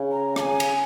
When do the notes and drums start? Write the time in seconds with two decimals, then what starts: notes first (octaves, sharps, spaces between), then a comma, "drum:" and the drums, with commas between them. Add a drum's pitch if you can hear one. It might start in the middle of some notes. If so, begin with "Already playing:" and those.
Already playing: C#3
0.12 A#5
0.36 A#5, drum: rim click
0.40 G#5
0.60 drum: cymbal